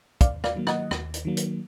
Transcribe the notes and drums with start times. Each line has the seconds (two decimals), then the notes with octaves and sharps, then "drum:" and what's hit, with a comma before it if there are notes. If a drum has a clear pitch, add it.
0.21 D#2 D5 F5, drum: kick, hi-hat
0.44 D5 F5, drum: rim click
0.56 D#3 F#3 A#3
0.67 D#5 F#5, drum: rim click
0.91 D#2, drum: rim click
1.14 drum: hi-hat
1.25 D#3 F#3 A#3
1.37 drum: hi-hat